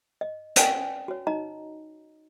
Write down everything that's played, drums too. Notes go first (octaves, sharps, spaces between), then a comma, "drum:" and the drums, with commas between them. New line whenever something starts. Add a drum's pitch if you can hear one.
D#5
C#4 B4 D5 G5 G#5, drum: hi-hat
F#4 C#5
D#4 D#5 A#5